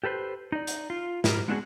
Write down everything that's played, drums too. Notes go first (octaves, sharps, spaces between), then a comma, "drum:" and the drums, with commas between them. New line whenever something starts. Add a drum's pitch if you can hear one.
G4 A4 B4 C5
D#4 D5
drum: hi-hat
F4
G#2 E4 G4 A#4, drum: snare
G#3 B3 C4 D4 F#4 G#4